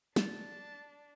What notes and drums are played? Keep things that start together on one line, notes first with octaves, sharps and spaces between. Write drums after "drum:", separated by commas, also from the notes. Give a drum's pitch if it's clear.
D4 A5, drum: snare